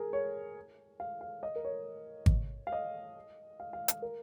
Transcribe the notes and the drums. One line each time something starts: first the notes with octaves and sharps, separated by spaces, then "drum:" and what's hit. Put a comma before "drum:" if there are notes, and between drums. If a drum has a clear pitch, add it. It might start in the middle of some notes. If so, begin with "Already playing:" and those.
Already playing: G#4 A#4
C#5
F5
F5
D#5
A#4
C#5
drum: kick G#1
F5
D#5
F5
F5
F5, drum: hi-hat
A#4